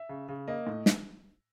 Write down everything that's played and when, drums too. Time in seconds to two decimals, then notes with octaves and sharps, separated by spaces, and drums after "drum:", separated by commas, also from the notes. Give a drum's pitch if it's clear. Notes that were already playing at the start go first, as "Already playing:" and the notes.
Already playing: E5
0.09 C#3
0.29 C#3
0.48 A#3 D#5
0.67 A2
0.86 drum: snare